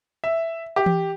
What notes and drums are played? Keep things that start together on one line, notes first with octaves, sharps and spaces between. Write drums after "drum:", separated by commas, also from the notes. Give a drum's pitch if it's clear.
E5
G4
drum: tom E3